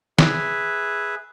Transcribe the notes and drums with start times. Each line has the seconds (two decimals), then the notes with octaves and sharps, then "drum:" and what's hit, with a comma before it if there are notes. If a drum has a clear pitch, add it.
0.18 G#4 B4 E5, drum: snare